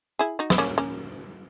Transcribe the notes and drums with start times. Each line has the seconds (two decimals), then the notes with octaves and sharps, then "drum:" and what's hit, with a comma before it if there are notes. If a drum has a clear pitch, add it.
0.19 E4 G#4
0.39 D#4 F#4
0.50 B3, drum: snare
0.58 A#3 C#4
0.78 A#3 C#4